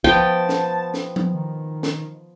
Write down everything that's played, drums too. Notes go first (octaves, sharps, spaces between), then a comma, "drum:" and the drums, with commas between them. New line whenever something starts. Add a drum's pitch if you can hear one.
F3 B3 G5 A5, drum: kick
drum: snare
drum: snare
drum: tom F3
D#3
drum: snare